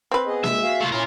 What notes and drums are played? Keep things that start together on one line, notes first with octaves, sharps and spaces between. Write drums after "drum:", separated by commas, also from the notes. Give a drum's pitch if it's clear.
C4 B4
B3 G#4 D#5
G#3 E5, drum: snare A#3
F#4 G#4 F5
A3 F4
C#4 E4 F4 A#4